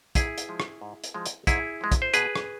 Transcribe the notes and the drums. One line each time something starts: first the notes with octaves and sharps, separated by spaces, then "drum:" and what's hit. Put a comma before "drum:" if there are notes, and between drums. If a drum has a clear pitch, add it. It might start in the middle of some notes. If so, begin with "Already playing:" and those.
G#2 E4 G#4, drum: kick, hi-hat
drum: hi-hat
F3 G#3
drum: rim click
G#2
drum: hi-hat
F3 G#3
drum: hi-hat
G#2 E4 G#4, drum: kick, hi-hat
F3 G#3
drum: kick, hi-hat
C5
B2 G#4 B4, drum: hi-hat
drum: rim click